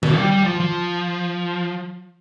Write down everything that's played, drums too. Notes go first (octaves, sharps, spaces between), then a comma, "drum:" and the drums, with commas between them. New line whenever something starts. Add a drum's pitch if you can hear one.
B2, drum: tom D3
G3
G3
F3
F3